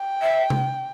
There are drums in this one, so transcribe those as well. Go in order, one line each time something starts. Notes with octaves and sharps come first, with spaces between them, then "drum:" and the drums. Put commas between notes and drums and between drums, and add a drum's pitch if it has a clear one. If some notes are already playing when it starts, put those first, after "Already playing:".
Already playing: G5
E5
drum: tom C3